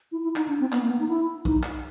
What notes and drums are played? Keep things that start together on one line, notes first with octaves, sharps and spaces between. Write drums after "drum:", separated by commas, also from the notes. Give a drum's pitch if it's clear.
E4
E4
D#4, drum: clap
D4
C4
B3, drum: clap
A#3
B3
D#4
E4
D#4, drum: kick A#1
drum: clap